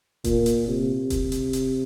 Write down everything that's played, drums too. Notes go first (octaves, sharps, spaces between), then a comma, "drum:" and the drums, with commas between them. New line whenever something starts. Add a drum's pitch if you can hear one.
A#2, drum: kick E1, hi-hat
drum: hi-hat
C3
drum: kick E1, hi-hat
drum: hi-hat
drum: hi-hat